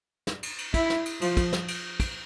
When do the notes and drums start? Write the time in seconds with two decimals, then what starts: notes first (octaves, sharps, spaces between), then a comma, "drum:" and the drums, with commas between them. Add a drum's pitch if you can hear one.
0.27 drum: snare
0.43 drum: cymbal
0.58 drum: cymbal
0.74 E4, drum: kick, cymbal
0.90 drum: snare
1.05 drum: cymbal
1.21 F3, drum: cymbal
1.37 drum: kick, cymbal
1.53 drum: snare
1.68 drum: cymbal
2.00 drum: kick, cymbal